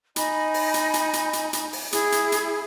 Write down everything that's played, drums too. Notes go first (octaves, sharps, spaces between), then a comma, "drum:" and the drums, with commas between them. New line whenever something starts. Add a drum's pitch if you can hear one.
D#4 D#5 G#5 B5, drum: hi-hat
drum: open hi-hat
drum: hi-hat
drum: hi-hat
drum: hi-hat
drum: hi-hat
drum: hi-hat
drum: open hi-hat
E4 G#4 D#6, drum: hi-hat
drum: hi-hat
drum: hi-hat